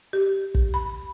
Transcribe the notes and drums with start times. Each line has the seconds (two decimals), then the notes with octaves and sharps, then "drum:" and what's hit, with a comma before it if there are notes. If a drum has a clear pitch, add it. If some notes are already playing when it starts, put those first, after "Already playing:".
0.13 G4
0.55 drum: kick
0.74 B5